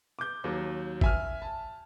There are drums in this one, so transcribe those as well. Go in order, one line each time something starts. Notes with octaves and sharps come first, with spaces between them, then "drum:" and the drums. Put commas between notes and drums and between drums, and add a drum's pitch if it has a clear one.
D6 G6
D#2 F#3
E5 G#5 F6, drum: kick
A5